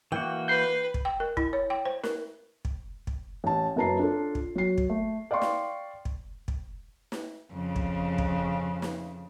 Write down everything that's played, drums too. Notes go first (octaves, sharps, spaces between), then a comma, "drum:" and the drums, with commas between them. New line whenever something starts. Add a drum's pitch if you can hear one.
E3 A#3 F#4 G5
B4 G6 C7
drum: kick
G5
A#4
E4, drum: kick
C#5
G5
C5
A#4, drum: snare
drum: kick
drum: kick
A1 A5
F#1 F#2 B4 A5 A#5 C7
D4 F4 A4
drum: kick
F#3 C7
drum: kick
A3
D5 F5 G5 C6 C#6
drum: snare
drum: kick
drum: kick
drum: snare
F2 C#3
drum: kick
drum: kick
drum: snare